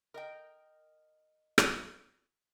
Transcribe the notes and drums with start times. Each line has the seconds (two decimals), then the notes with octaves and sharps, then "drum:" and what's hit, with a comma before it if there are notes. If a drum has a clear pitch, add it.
0.14 A#4 D#5 G5
1.58 drum: rim click